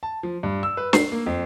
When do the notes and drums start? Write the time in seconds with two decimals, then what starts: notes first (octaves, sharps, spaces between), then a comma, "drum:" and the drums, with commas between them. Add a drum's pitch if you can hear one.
0.03 A5
0.23 F3
0.43 G2
0.63 E6
0.77 B4
0.93 C7, drum: snare
1.12 A#3
1.26 F2